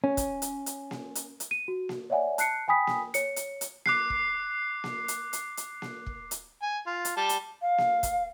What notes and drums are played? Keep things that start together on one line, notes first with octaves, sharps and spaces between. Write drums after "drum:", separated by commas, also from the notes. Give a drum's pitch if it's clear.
C#4
drum: kick, hi-hat
drum: hi-hat
drum: hi-hat
drum: snare A#3
drum: hi-hat
drum: hi-hat
D#7
F#4
drum: snare A#3
C#5 D5 E5 F#5 G#5
A5 F#6 C7 C#7, drum: hi-hat
G5 G#5 B5 D#6 B6
drum: snare A#3
C#5 C#7, drum: hi-hat
drum: hi-hat
drum: hi-hat
D6 F#6 C7, drum: snare A#3
drum: kick
drum: snare A#3
drum: hi-hat
drum: hi-hat
drum: hi-hat
drum: snare A#3
drum: kick
drum: hi-hat
G#5
F4
drum: hi-hat
G3 A5
drum: hi-hat
F5
drum: snare A#3
drum: kick, hi-hat